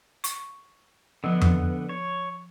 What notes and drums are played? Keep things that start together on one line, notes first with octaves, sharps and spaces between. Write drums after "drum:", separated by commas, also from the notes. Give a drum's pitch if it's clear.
C#6, drum: hi-hat
D3 F3 B3
drum: tom F2
C#5